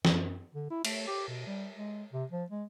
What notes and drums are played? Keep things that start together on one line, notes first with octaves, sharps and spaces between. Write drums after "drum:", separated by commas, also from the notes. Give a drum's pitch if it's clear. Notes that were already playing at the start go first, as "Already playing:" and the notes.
F#2, drum: snare
D3
E4
A3, drum: cymbal
G4
B2
G3
G#3
C3
F3
G#3